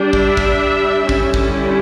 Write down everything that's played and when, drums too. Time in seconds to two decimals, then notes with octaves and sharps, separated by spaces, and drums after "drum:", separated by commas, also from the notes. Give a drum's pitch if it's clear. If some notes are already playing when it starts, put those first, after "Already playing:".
Already playing: G3 D4
0.13 E5, drum: kick
0.37 drum: kick
1.09 D3 G3 C#4 E4, drum: kick
1.34 drum: kick